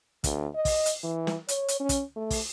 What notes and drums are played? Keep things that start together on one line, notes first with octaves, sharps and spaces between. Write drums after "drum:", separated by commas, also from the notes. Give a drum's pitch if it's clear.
D2, drum: kick, hi-hat
D#5
drum: kick, open hi-hat
drum: hi-hat
E3
drum: snare
C#5, drum: hi-hat
drum: hi-hat
C#4
drum: kick, hi-hat
A3
drum: kick, open hi-hat